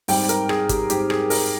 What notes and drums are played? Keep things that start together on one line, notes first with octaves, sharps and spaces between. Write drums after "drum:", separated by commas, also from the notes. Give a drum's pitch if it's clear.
G#2 G3 C4 G5, drum: open hi-hat
A#4, drum: hi-hat
G#4, drum: rim click
G4, drum: kick, hi-hat
G#2 G3 C4 G4, drum: hi-hat
G#4, drum: rim click
A#4, drum: open hi-hat